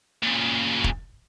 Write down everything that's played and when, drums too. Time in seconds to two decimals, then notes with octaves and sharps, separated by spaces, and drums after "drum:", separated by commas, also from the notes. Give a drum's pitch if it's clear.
0.23 A#2 C#3
0.84 drum: kick